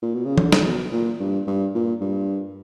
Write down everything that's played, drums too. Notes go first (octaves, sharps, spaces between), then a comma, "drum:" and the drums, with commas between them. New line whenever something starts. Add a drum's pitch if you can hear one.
A#2
B2
C#3
D3, drum: tom E3
drum: snare
B2
A#2
G2
G2
A#2
G2